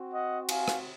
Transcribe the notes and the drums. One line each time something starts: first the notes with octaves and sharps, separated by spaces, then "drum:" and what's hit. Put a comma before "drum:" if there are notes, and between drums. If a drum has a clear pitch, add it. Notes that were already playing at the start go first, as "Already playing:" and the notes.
Already playing: C4 F#4
D#5 F#5
F5 G#5, drum: cymbal
drum: rim click